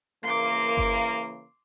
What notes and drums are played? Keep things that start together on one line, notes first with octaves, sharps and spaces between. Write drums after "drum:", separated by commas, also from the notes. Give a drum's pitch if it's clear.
C#3 E3 A#3 C6 D6
drum: kick G1